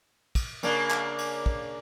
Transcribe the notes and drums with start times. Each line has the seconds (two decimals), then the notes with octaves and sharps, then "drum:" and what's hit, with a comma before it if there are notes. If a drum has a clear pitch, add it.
0.35 drum: kick, cymbal
0.63 C#3 A#3 D4, drum: cymbal
0.91 drum: clap
1.18 drum: cymbal
1.46 drum: kick